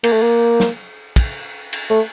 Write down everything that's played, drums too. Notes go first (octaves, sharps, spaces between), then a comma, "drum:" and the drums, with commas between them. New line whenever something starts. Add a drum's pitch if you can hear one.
A#3, drum: cymbal
A3
A#3
drum: snare
drum: kick, cymbal
drum: cymbal
A3